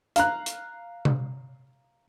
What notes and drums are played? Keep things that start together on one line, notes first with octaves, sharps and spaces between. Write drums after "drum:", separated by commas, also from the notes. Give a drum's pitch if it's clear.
F5 A#5 F#6, drum: hi-hat
drum: hi-hat
drum: tom C3